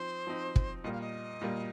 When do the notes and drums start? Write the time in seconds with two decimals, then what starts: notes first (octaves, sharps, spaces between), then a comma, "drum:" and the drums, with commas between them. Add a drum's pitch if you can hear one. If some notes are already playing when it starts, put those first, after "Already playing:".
Already playing: F3 C4 D#4 C5
0.27 F3 C4 D#4
0.56 drum: kick
0.84 A#2 G3 A#3 D#5
0.93 F5
1.01 D#5
1.41 A#2 G3 A#3